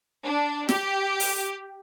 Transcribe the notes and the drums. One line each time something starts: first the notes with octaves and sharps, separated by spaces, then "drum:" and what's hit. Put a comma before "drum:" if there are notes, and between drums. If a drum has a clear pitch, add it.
D4
G4, drum: snare
drum: open hi-hat